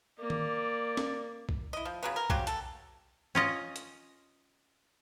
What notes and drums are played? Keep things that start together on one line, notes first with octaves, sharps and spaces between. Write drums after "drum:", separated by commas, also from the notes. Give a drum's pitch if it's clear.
A#3 D5
drum: tom D#3
drum: snare
drum: kick
E4 D#5
F3
C#3 F#3 B3
A#4
C#3 F#3 C4 G4, drum: kick
A4, drum: hi-hat
C#4 F4 D#5
drum: hi-hat